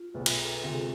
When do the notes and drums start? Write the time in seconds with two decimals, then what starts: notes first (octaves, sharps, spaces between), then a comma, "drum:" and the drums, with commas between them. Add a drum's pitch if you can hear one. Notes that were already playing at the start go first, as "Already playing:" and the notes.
Already playing: F4
0.14 B1 B2 B3 G#4
0.26 A4, drum: cymbal
0.38 F4
0.50 F4
0.62 D2 C3 G#3 F4